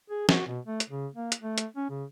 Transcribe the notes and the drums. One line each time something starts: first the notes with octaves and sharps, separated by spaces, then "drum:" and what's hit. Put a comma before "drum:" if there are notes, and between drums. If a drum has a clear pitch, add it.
G#4
F#4, drum: snare
B2
A3
drum: hi-hat
C#3
A#3
drum: hi-hat
A3
drum: hi-hat
C#4
C#3